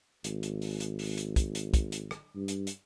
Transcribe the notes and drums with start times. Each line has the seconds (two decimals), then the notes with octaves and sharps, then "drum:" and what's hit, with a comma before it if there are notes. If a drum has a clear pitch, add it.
0.24 G#1, drum: hi-hat
0.43 drum: hi-hat
0.62 drum: open hi-hat
0.80 drum: hi-hat
0.99 drum: open hi-hat
1.18 drum: hi-hat
1.36 drum: kick, hi-hat
1.55 drum: hi-hat
1.74 drum: kick, hi-hat
1.92 drum: hi-hat
2.11 drum: rim click
2.36 G2
2.48 drum: hi-hat
2.67 drum: hi-hat